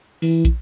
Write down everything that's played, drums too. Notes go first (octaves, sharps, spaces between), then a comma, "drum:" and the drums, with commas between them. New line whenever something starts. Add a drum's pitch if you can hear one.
E3, drum: open hi-hat
drum: kick, hi-hat